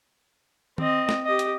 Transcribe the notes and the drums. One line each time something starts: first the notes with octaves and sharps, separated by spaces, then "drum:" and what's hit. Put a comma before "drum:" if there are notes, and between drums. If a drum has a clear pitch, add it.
C4 D#5, drum: tom
drum: snare
G4 D#5
drum: hi-hat